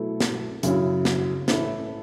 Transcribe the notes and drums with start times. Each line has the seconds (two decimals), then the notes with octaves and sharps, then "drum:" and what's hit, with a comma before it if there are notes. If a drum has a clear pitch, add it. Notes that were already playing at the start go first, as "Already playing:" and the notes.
Already playing: B2 F#3 A3 E4 A4
0.20 drum: snare
0.63 F#2 C#3 F#3 C#4 E4, drum: hi-hat
1.05 drum: snare
1.48 A2 E3 C#4 E4 A4, drum: snare